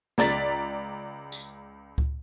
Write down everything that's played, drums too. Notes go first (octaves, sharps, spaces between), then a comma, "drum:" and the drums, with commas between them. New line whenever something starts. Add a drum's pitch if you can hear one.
C#2 D5 A#5 A6 B6, drum: snare
drum: tambourine
drum: kick C#2